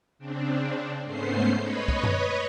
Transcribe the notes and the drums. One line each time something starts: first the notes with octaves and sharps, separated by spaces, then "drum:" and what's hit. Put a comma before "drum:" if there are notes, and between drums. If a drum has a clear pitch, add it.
C#3 C4 D4
G#2 A3 B3 C#4 C5 C7
B4 C#5 D#5 B5
drum: kick
drum: tom F#2